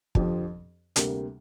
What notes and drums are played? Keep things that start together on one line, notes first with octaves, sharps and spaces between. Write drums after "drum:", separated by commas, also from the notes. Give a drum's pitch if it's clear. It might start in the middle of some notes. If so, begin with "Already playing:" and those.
F2 D3 F3 C4 G4, drum: kick
D2 C3 G3 A#3, drum: hi-hat